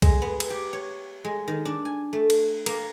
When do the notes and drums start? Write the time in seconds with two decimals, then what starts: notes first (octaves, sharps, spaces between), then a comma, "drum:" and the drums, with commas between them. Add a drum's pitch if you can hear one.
0.02 G#3, drum: kick, cymbal
0.22 B3
0.40 drum: cymbal
0.50 G4
0.73 C#5
1.25 G#3
1.48 D#3
1.65 D4
1.85 G#5
2.13 A3
2.30 drum: cymbal
2.66 A#3, drum: cymbal